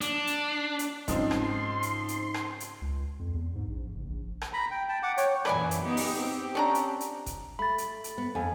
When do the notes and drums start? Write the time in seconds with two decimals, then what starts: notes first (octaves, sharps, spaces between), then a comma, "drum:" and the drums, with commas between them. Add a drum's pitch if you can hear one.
0.01 D4, drum: hi-hat
0.27 drum: hi-hat
0.79 drum: hi-hat
1.08 G#2 C#3 F3 C4 D#4 C6, drum: kick F#1, hi-hat
1.31 drum: rim click
1.83 drum: hi-hat
2.08 drum: hi-hat
2.34 drum: rim click
2.60 drum: hi-hat
2.82 C#2
3.19 F2
3.34 E2
3.55 G#2
3.68 A#1
3.95 F#1
4.10 A#1
4.42 drum: rim click
4.53 A#5 B5
4.71 G5
4.89 G5 A5
5.03 F#5 D6
5.18 C#5 G5, drum: hi-hat
5.45 F#2 A#2 E3 B4 D5 G#5, drum: rim click
5.71 drum: hi-hat
5.83 B3 D#4 G4
5.97 drum: open hi-hat
6.17 C4 G4
6.55 C#4 D4 A#5
6.75 drum: hi-hat
7.00 drum: hi-hat
7.26 drum: kick F#1, hi-hat
7.59 A3 B5 A6
7.78 drum: hi-hat
8.04 drum: hi-hat
8.18 B3
8.35 F2 A4 G#5